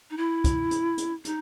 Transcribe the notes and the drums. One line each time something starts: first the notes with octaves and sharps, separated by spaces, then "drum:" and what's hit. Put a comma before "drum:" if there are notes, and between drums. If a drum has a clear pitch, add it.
D#4
E4
drum: kick, hi-hat
drum: hi-hat
drum: hi-hat
D#4, drum: hi-hat